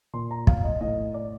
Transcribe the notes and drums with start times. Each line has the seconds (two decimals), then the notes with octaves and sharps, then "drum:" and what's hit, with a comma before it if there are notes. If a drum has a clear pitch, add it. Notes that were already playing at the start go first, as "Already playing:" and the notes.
0.13 A#2 C6
0.31 A#5
0.47 F5, drum: kick
0.64 D#5
0.81 A2 D#5
1.14 D5